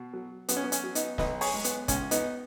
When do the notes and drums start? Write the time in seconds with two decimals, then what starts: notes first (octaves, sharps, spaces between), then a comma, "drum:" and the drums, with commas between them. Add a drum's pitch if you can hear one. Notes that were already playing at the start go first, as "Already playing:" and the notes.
Already playing: B2
0.14 F#3
0.49 F#2 B3, drum: hi-hat
0.57 C#4
0.63 B3
0.72 C#4, drum: hi-hat
0.84 F#3
0.95 B3 D#4, drum: hi-hat
1.18 B1 B4 D#5, drum: snare
1.41 G#4 C#5, drum: open hi-hat
1.54 G#3
1.64 B3, drum: hi-hat
1.88 C#2 C#4, drum: kick, hi-hat
2.11 B3 D#4, drum: hi-hat